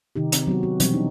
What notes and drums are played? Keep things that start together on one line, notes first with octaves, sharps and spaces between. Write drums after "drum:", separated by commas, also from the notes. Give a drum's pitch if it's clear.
C3 D#3 D#4 G4
C4, drum: hi-hat
F#3 B3 F#4
F#4
B2 E3 F#3 G3 C4, drum: hi-hat
D4 D#4